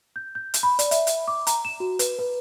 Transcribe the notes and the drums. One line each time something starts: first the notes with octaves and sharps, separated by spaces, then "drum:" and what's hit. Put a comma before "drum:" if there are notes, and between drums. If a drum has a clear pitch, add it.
G6
G6
drum: hi-hat
B5
D5, drum: hi-hat
E5, drum: hi-hat
drum: hi-hat
D6
A#5, drum: hi-hat
E7
F#4
B4, drum: hi-hat
B4